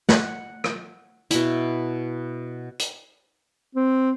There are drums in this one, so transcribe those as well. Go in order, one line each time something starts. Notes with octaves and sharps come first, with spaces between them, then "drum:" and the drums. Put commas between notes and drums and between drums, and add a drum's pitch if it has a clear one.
F#5, drum: snare
drum: rim click
B2 E4, drum: hi-hat
drum: hi-hat
C4